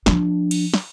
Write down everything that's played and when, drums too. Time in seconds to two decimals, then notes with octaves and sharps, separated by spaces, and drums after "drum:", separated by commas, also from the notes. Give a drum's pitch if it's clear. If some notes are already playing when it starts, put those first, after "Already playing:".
0.06 F3 D4, drum: snare
0.51 drum: cymbal
0.74 drum: snare